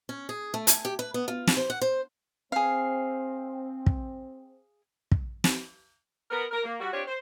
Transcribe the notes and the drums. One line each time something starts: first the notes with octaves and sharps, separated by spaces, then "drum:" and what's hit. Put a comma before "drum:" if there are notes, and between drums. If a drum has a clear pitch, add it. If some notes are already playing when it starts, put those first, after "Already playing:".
C#4
G#4
A3
G#5, drum: hi-hat
G4
B4
B3
F4
drum: snare
C5
F#5
C5
C4 G#4 F5
drum: kick
drum: kick
drum: snare
B3 A#4
A#4
A#3
G3 F#4
C4 D4 F4 G4 C#5
C5